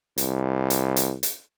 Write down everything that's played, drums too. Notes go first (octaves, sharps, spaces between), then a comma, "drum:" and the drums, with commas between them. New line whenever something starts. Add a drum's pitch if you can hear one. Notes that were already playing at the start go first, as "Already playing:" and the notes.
C2, drum: hi-hat
drum: hi-hat
drum: hi-hat
drum: hi-hat